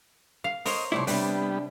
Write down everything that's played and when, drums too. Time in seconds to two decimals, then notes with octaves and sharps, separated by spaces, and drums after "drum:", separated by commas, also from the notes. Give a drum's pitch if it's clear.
0.44 F5
0.66 A#4 C5 C#5 D#5, drum: open hi-hat
0.92 C2 A2 E4 D5 C6 C#6
1.07 C3 G3 B3 D4 B4, drum: open hi-hat